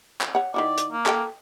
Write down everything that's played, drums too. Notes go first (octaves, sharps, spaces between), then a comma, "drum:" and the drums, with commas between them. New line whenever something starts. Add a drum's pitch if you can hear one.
drum: clap
C#5 F#5
D#3 E4 F#4 D5
drum: hi-hat
A#3
A4 G5, drum: clap